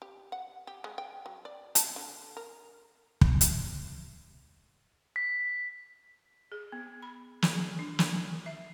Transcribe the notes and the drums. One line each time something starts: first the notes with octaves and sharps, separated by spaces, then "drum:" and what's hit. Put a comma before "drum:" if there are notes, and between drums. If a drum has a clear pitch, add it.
G4
F#5
G4
G#3
G5
F#3
D5
A5, drum: hi-hat
D3
A#4
drum: kick
drum: hi-hat
B6
G#4
B3
B5
drum: snare
G#4
D4
drum: snare
E5